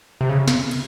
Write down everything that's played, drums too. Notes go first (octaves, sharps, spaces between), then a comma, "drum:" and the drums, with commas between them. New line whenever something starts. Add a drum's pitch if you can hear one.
C3
C#3
drum: snare
drum: cymbal